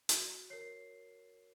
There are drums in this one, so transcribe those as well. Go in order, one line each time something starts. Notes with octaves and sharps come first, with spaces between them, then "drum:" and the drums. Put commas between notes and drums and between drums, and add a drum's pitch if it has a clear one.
F#4, drum: hi-hat
A#4 C#5 C7